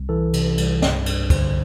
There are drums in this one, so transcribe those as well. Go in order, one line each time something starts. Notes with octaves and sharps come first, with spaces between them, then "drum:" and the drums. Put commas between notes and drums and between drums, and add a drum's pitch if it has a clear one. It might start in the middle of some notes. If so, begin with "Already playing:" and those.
Already playing: C2
E3 A4
C3, drum: cymbal
C2, drum: cymbal
G2, drum: snare
G2, drum: cymbal
D3 C5, drum: kick, cymbal